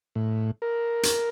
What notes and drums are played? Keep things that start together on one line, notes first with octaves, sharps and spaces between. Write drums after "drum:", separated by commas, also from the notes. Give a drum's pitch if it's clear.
A2
A#4
drum: hi-hat